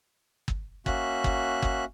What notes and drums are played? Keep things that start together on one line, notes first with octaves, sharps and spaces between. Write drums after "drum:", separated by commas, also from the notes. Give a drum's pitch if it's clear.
drum: kick
A#3 C#4 F#4 E5 F#6, drum: kick
drum: kick
drum: kick